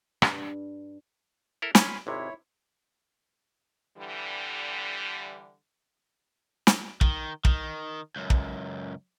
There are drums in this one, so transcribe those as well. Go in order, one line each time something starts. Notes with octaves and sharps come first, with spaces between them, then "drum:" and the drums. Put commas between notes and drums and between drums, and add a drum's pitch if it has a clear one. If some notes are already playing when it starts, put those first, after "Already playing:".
G2, drum: rim click
E4 A4 A#4
C#4 G#5 B5 C6, drum: snare
G#1 C3 E4 C#5
D3 E3 G3
drum: snare
D#3, drum: kick
D#3, drum: kick
C#2 F#2
drum: kick